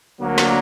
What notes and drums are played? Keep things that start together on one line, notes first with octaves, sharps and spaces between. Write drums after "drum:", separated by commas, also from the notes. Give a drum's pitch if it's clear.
D2 D3 F#3 A#3
drum: snare